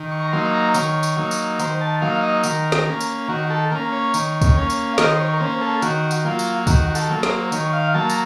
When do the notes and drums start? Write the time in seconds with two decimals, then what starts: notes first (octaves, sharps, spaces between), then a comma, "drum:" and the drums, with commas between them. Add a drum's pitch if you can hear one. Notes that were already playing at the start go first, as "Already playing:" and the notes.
Already playing: D#3
0.11 C#6
0.22 A#5
0.32 F#3 A#3 D#4 C6
0.54 A#5
0.74 D#3 C#5, drum: tambourine
1.03 drum: tambourine
1.16 F#3 A#3 D#4
1.31 drum: tambourine
1.59 D#3 C5, drum: tambourine
1.81 A5
2.01 F#3 A#3 D#4 F5
2.23 D#5
2.43 D#3 A#4, drum: tambourine
2.72 drum: snare
2.86 A#3 C#4
3.00 drum: tambourine
3.28 D#3 F#4
3.50 A4
3.70 A#3 C#4 A#4
3.92 C#5
4.14 D#3, drum: tambourine
4.41 drum: kick, tambourine
4.56 A#3 C#4
4.70 drum: tambourine
4.94 F5
4.98 D#3 D#5, drum: snare
5.11 C5
5.20 C#5
5.33 A#4
5.40 A#3 C#4 C5
5.61 A4
5.82 D#3 F#4, drum: tambourine
6.11 drum: tambourine
6.25 F#3 A#3 F4
6.39 drum: tambourine
6.67 D#3 F#4, drum: kick, tambourine
6.90 F#4
6.95 A4, drum: tambourine
7.09 F#3 A#3
7.23 C5, drum: snare
7.52 D#3 C#5, drum: tambourine
7.73 F5
7.94 F#3 A#3 A5
8.10 A#5, drum: tambourine